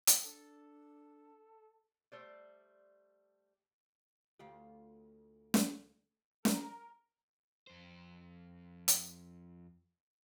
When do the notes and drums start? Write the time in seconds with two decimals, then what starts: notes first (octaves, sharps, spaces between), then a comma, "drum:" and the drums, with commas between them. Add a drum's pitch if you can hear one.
0.07 drum: hi-hat
0.24 D4 A4
2.12 G3 A3 C5 D5
4.39 D2 F4 G4
5.54 drum: snare
6.45 A#4, drum: snare
7.67 F2 C5
8.88 drum: hi-hat